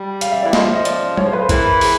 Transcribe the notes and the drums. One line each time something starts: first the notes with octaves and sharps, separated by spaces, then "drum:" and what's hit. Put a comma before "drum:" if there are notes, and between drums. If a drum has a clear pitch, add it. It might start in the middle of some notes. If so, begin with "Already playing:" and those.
Already playing: G3
F5, drum: hi-hat
E5
E3 D5
F3 D#5, drum: snare
E5
D#5
D5, drum: hi-hat
C#5, drum: tom F#3
C5
B4
C5
E3 A#4, drum: kick A1, hi-hat
G#4, drum: open hi-hat